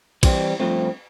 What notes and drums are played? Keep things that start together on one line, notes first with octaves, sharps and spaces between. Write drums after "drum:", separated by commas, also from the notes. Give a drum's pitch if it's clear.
E3 G3 C4, drum: kick, cymbal
G2 F3 A3 C4